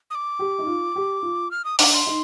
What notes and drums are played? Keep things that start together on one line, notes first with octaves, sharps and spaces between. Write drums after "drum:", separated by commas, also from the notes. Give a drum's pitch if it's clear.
D#6
D6
G4
D#4
F4
G4
F4
F6
D#6
D4 D6, drum: open hi-hat
C6
D#4